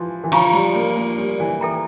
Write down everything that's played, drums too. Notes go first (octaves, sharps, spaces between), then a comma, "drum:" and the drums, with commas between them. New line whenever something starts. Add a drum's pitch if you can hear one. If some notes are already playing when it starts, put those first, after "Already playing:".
Already playing: E3 F3
E3
F3 F4 C#5 F5 A#5 C#6, drum: cymbal
G3, drum: hi-hat
A#3
A#3
G3
E3
A4 E5 G5 A#5